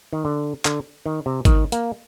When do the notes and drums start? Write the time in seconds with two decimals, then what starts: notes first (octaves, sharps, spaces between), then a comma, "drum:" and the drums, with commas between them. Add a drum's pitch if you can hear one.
0.13 D#3
0.25 D3
0.65 D3, drum: clap
1.06 D#3
1.26 C3
1.45 D#3, drum: kick G#1, hi-hat
1.72 A#3, drum: hi-hat